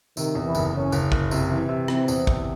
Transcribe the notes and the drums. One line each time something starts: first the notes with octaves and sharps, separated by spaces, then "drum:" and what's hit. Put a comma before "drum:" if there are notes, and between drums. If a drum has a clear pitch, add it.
C3 D#3, drum: tambourine
E2
E3
F#1, drum: tambourine
F#1 C#4
F#1, drum: tambourine
F#1, drum: kick
C3 E4, drum: tambourine
E3
C3
E3 C4, drum: rim click
E2, drum: tambourine
C3, drum: kick